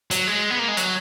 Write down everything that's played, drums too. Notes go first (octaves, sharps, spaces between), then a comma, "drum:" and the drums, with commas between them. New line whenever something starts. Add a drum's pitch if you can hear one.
F#3, drum: hi-hat
G#3
B3
A#3
G#3
F#3, drum: hi-hat